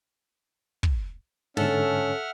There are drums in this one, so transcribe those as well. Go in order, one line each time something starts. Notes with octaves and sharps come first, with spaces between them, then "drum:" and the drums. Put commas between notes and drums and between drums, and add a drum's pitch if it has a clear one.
drum: kick
G#2 D3 C#4 A4 E5 F#5 F6, drum: snare